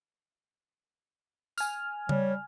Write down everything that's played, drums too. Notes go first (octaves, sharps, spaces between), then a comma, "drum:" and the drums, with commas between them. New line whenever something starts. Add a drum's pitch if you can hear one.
G#5 F6, drum: tambourine
G3 C#5, drum: tom C#3